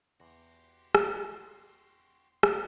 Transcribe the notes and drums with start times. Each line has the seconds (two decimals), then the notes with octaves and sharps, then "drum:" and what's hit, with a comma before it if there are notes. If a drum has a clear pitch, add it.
0.20 E2 F#4 G4 C6
0.95 drum: rim click
2.43 drum: rim click